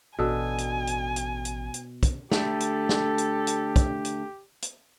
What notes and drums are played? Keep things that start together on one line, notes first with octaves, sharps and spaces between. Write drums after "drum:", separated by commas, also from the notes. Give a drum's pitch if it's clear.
A1 B2 D4 A4 G#5
drum: hi-hat
drum: hi-hat
drum: hi-hat
drum: hi-hat
drum: hi-hat
drum: kick, hi-hat
D3 A3 G4 A4, drum: snare
drum: hi-hat
drum: snare
drum: hi-hat
drum: hi-hat
drum: kick, hi-hat
drum: hi-hat
drum: hi-hat